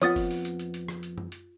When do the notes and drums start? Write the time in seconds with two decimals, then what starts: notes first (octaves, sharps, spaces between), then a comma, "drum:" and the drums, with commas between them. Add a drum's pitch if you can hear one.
0.02 F2 B3 F4 C#5 F#5 D#6 A6, drum: hi-hat
0.16 drum: kick F1, open hi-hat
0.31 drum: open hi-hat
0.45 drum: hi-hat
0.60 drum: hi-hat
0.74 drum: hi-hat
0.88 drum: rim click
1.03 drum: hi-hat
1.17 drum: tom F#2
1.32 drum: hi-hat